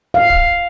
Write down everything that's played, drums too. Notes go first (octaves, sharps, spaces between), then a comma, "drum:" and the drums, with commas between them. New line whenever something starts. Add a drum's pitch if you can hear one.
F5
drum: kick